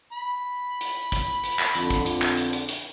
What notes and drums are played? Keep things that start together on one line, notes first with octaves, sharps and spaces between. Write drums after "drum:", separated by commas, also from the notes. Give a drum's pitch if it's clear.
B5
drum: hi-hat
drum: kick, hi-hat
drum: hi-hat
drum: clap
F2 D3, drum: hi-hat
drum: kick, hi-hat
drum: hi-hat
drum: clap
drum: hi-hat
drum: hi-hat
drum: hi-hat